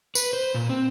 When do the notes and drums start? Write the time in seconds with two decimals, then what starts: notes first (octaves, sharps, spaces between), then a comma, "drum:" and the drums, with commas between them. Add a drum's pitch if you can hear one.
0.15 B4, drum: tambourine
0.33 C5
0.54 A#2
0.69 C4